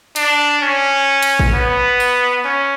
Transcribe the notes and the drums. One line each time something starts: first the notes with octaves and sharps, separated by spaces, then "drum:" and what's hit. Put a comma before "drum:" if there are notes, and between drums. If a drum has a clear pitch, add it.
D4, drum: hi-hat
C#4
drum: hi-hat
drum: kick
B3
drum: tambourine
C#4